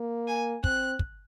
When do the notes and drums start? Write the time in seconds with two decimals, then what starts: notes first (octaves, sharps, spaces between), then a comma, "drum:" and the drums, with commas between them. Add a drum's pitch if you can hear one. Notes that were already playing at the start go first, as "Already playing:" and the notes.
Already playing: A#3
0.28 G#5
0.64 C4 F#6, drum: kick
0.99 drum: kick